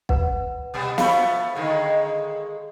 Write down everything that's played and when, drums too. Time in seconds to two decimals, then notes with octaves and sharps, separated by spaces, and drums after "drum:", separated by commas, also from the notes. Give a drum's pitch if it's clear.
0.09 B4 F#5, drum: kick
0.74 B2 G3 B3
0.98 F3 A3 B3 F5 B5, drum: snare
1.56 D3 D#3 G#3